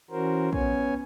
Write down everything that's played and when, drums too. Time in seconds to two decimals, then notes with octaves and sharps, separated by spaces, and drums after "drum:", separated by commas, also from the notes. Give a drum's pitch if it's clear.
0.11 E3 C#4 F#4 A#4 C5
0.53 B3 C#4 C#5 G#5, drum: kick A#1